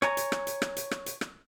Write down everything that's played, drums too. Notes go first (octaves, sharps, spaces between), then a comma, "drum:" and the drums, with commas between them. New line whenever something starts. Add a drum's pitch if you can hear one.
C#5 G#5 A#5, drum: rim click
drum: hi-hat
drum: rim click
drum: hi-hat
drum: rim click
drum: hi-hat
drum: rim click
drum: hi-hat
drum: rim click